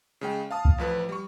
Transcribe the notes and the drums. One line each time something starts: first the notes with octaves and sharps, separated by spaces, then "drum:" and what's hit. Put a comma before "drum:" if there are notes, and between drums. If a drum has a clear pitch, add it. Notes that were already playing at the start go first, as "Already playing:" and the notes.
C#3 G#3 G5
F5 A5 D#6
drum: kick C#2
A1 F3 B4
G3 C#6